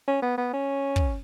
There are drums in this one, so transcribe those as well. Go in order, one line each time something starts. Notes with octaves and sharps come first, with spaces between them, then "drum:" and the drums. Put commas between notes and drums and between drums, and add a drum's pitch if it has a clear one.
C#4
B3
B3
C#4
drum: kick